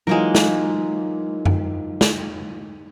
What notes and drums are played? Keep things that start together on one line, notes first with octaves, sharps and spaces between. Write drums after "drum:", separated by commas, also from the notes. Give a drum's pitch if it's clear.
E3 F#3 G#3 A#3 D#4 F4 A#4
drum: snare
drum: tom F#2
drum: snare